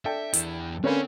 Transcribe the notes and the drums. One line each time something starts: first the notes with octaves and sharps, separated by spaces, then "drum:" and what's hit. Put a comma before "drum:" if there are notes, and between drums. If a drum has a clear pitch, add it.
D4 A4 E5 G5
E2 E4, drum: hi-hat
D3 A#3 C4 C#4 B4